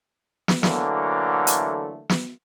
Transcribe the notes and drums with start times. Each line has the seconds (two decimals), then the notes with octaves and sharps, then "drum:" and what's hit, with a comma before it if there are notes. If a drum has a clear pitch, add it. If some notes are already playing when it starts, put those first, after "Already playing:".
0.48 drum: snare
0.63 D3 E3 F#3 A3 A#3, drum: snare
1.47 drum: hi-hat
2.09 drum: snare